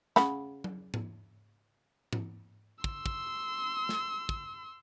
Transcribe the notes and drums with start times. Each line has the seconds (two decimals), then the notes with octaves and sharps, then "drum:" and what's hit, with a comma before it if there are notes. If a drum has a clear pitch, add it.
0.16 C#3 F#5 B5, drum: snare
0.64 drum: tom F#3
0.94 drum: tom G#2
2.13 drum: tom G#2
2.84 C6 E6, drum: kick
3.06 drum: kick
3.89 drum: snare
4.29 drum: kick